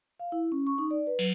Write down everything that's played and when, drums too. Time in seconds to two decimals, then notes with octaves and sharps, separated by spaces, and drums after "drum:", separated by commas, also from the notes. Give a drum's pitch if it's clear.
0.20 F5
0.32 E4
0.52 C#4
0.67 C#6
0.78 D#4
0.91 D5
1.07 B4
1.19 F#3, drum: cymbal